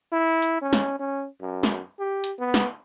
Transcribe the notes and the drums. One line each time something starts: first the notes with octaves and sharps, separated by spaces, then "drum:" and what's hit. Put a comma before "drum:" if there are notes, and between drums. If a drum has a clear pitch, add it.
E4
drum: hi-hat
C#4
drum: snare
C#4
F#2
drum: snare
G4
drum: hi-hat
B3
drum: snare